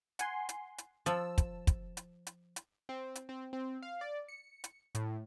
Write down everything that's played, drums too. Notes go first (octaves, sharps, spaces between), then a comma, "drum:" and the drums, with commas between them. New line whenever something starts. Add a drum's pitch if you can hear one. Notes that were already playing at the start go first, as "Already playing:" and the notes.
F#5 G#5 C6, drum: hi-hat
drum: hi-hat
drum: hi-hat
F3 A5 E6, drum: hi-hat
drum: kick, hi-hat
drum: kick, hi-hat
drum: hi-hat
drum: hi-hat
drum: hi-hat
C4
drum: hi-hat
C4
C4
F5
D5
C#7
drum: hi-hat
A2, drum: hi-hat